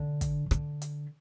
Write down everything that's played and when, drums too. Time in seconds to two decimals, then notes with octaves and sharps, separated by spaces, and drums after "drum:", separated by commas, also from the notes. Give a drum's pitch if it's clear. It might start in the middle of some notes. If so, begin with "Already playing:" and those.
Already playing: D3
0.21 drum: kick, hi-hat
0.51 D3, drum: rim click
0.82 drum: hi-hat